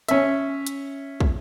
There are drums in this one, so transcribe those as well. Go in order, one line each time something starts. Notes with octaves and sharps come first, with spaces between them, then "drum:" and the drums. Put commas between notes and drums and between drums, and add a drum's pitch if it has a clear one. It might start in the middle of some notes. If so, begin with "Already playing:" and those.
C#4 E5, drum: hi-hat
drum: hi-hat
drum: kick